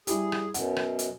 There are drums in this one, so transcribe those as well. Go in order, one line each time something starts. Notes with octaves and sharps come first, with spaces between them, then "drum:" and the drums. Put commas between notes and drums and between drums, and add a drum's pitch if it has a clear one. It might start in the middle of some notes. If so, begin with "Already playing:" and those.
G3 E4 G4 G#4, drum: hi-hat
drum: rim click
F#2 B2 F#5, drum: hi-hat
drum: rim click
drum: hi-hat